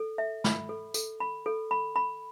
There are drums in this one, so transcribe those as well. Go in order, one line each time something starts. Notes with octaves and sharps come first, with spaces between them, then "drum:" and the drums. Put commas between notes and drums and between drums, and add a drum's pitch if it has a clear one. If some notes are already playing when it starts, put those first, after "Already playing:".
Already playing: A4
E5
B5, drum: snare
A4
A4, drum: tambourine
B5
A4
B5
B5